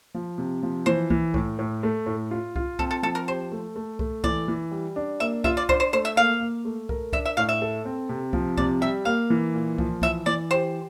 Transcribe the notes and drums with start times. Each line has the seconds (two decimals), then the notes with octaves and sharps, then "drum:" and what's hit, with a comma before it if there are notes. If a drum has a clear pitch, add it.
0.14 F3
0.38 C3
0.63 F3
0.86 E3 C5
1.10 E3, drum: kick C2
1.34 A2, drum: kick C2
1.59 A2
1.83 A3
2.06 A2
2.31 F4
2.56 F4, drum: kick C2
2.79 C4 A4, drum: kick C2
2.91 A4
3.03 F3 A4
3.15 A#4
3.27 G4 C5
3.51 A3
3.76 A3
3.99 A3, drum: kick C2
4.24 E3 D5, drum: kick C2
4.48 E3
4.71 G3
4.96 D4
5.20 A#3 E5
5.44 F4 E5, drum: kick C2
5.57 D5
5.69 D4 C5, drum: kick C2
5.80 C5
5.93 A3 C5
6.05 E5
6.16 A#3 F5
6.40 A#3
6.65 A3
6.89 A#4, drum: kick C2
7.13 D4 E5, drum: kick C2
7.25 E5
7.37 A2 F5
7.49 E5
7.62 A4
7.85 C4
8.09 C3
8.33 F3, drum: kick C2
8.57 C3 D5, drum: kick C2
8.81 G3 E5
9.05 A#3 F5
9.30 E3
9.54 A#2
9.78 F3, drum: kick C2
10.02 E3 E5, drum: kick C2
10.26 E3 D5
10.51 G4 C5